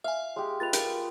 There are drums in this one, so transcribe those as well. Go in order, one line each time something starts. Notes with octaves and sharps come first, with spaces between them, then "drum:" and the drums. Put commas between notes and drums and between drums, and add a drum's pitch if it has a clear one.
E5 F5 G#5
G#3 G4
F4 B4 D#5 A6 F7
A#4, drum: hi-hat